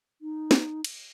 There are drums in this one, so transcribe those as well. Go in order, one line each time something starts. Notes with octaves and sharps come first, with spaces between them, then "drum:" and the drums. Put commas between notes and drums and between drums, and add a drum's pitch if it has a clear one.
D#4
drum: snare
drum: cymbal